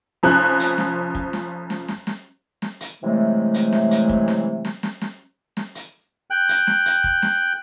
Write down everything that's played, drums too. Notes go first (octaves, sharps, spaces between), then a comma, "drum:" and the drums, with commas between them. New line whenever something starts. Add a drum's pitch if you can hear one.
F1 F3 C#4 F#6
drum: hi-hat
drum: snare
drum: kick
drum: snare
drum: snare
drum: snare
drum: snare
drum: snare
drum: hi-hat
C3 E3 F#3 G#3 A3
drum: hi-hat
drum: snare
drum: hi-hat
drum: kick
drum: snare
drum: snare
drum: snare
drum: snare
drum: snare
drum: hi-hat
G5 F#6
drum: hi-hat
drum: snare
drum: hi-hat
drum: kick
drum: snare